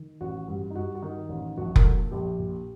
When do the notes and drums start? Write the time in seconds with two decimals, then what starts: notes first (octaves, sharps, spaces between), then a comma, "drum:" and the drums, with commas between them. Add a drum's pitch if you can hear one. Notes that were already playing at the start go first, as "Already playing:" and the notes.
Already playing: D#3
0.21 A1 F#4
0.48 G2
0.71 D#4
0.76 G2 F#4
0.95 F#4
1.02 D#3 D#4
1.29 A1
1.58 A#1 F#4
1.76 A#4, drum: kick F1
1.84 A#2 A4
2.11 A#1 G4
2.39 A#2